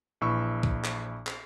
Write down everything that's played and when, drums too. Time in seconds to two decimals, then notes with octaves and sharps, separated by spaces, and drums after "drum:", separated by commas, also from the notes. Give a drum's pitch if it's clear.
0.21 A#1 E3 B5 C#6 E6
0.63 drum: kick
0.84 drum: clap
1.27 drum: clap